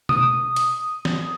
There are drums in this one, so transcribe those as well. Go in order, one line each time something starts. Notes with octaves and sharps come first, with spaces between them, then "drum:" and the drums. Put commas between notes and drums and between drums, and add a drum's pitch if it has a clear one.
D#6, drum: tom B2
drum: hi-hat
drum: snare